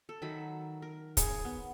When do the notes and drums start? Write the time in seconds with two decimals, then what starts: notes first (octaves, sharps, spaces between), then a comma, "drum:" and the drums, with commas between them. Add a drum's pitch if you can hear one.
0.09 A4
0.22 D#3 F#3 E5 B5
0.82 A#4
1.17 G#4 C#5 C#6, drum: kick, hi-hat
1.45 B3